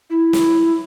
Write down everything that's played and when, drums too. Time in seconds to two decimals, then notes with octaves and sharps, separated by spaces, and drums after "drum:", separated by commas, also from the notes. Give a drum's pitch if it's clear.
0.10 E4
0.33 drum: snare